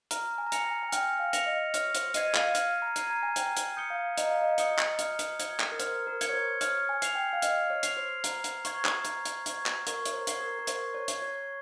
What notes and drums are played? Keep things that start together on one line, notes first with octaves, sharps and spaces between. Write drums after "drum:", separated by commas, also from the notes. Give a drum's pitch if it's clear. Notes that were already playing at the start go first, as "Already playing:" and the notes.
A#5 F6, drum: hi-hat
G#5
A#5
G#5 A#6 C#7 F7, drum: hi-hat
G#5
G#5
G5 F6, drum: hi-hat
F5
A#6 C#7 F7, drum: hi-hat
D#5
C#5 F6, drum: hi-hat
C5, drum: hi-hat
D#5 G#6 C7 D#7, drum: hi-hat
F5, drum: clap
F6, drum: hi-hat
A#5
G#6 C7 D#7, drum: hi-hat
A#5
G#5
G5 A#5, drum: hi-hat
drum: hi-hat
D#6 G6 C#7 G7
F5
D#5 A#5, drum: hi-hat
F5
D#5
D#6 G6 C#7 G7, drum: hi-hat
drum: clap
F6, drum: hi-hat
drum: hi-hat
G#6 C#7 G7, drum: hi-hat
drum: clap
A#4
C5 F6, drum: hi-hat
A#4
G#6 C#7 G7, drum: hi-hat
C#5
C5
C#5 F6, drum: hi-hat
G#5
C7 F7, drum: hi-hat
G5
F5
D#5 F6, drum: hi-hat
C#5
C7 F7, drum: hi-hat
C5
A#5, drum: hi-hat
drum: hi-hat
C#6 G#6, drum: hi-hat
drum: clap
A#5, drum: hi-hat
drum: hi-hat
C#6 G#6, drum: hi-hat
drum: clap
A#4 C#6, drum: hi-hat
C#5, drum: hi-hat
C5
G#6 C7 G7, drum: hi-hat
A#4
A#4
C5 C#6, drum: hi-hat
C#5
G#6 C7 G7, drum: hi-hat
C#5